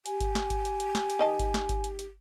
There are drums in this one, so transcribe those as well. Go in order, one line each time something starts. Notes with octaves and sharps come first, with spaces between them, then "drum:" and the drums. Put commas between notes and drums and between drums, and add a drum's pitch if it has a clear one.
G4 G#5, drum: hi-hat
drum: kick G1, hi-hat
drum: snare
drum: kick G1, hi-hat
drum: hi-hat
drum: hi-hat
drum: snare
drum: hi-hat
D#3 D#5 A5
drum: kick G1, hi-hat
drum: snare
drum: kick G1, hi-hat
drum: hi-hat
drum: hi-hat